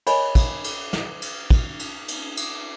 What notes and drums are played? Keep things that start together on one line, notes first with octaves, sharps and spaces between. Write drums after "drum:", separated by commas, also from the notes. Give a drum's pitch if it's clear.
A#4 C#5 D#5 G#5 B5, drum: cymbal
drum: kick, cymbal
drum: cymbal
drum: snare
drum: cymbal
drum: kick, cymbal
drum: cymbal
drum: cymbal
drum: cymbal